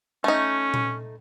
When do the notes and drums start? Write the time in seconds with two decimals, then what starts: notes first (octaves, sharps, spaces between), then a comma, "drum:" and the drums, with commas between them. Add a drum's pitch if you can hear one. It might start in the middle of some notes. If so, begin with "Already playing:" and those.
0.24 A3 C#4 D#4
0.74 drum: tom A#2